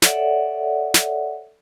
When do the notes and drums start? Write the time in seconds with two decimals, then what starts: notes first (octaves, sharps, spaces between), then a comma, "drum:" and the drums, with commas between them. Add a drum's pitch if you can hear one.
0.02 A4 C#5 D5 E5 F#5, drum: snare
0.94 drum: snare